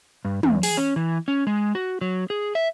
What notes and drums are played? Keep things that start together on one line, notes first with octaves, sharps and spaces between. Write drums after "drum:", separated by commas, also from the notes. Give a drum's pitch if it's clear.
G2
E2, drum: tom
G#4, drum: open hi-hat
C#4
E3
C#4
G#3
F#4
F#3
G#4
E5